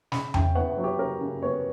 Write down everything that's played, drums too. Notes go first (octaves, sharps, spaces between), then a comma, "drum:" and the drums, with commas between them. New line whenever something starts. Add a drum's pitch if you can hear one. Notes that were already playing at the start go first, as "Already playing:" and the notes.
C#3 B5, drum: snare
C#3 G5, drum: tom E2
B3 F#5
F#5
F#3
G4
C#3 A#4
C#3
B3 C#5